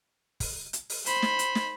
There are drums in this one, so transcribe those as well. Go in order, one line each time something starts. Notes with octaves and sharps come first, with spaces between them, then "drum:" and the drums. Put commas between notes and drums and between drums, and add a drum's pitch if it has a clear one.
drum: kick, open hi-hat
drum: hi-hat
drum: open hi-hat
C5 B5, drum: hi-hat
drum: snare
drum: hi-hat
drum: snare